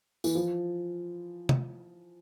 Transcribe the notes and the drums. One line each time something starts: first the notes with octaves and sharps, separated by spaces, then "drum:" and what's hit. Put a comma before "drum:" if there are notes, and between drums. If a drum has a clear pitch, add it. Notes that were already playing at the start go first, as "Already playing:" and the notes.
E3, drum: tambourine
F3
drum: tom